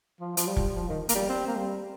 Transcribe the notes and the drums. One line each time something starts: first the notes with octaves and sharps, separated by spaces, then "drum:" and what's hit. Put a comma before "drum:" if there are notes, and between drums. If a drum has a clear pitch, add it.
F3
F3, drum: hi-hat
G3
drum: kick
F3
D#3
A#3, drum: hi-hat
G3
C4
A#3
G3